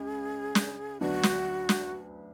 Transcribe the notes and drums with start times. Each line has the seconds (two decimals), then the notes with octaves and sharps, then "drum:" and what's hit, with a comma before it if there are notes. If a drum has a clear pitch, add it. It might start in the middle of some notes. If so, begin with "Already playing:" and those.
Already playing: C#2 C#4 G#4
0.55 drum: snare
1.01 D2 D3 F#3 B3 D4 F#4
1.23 drum: snare
1.69 drum: snare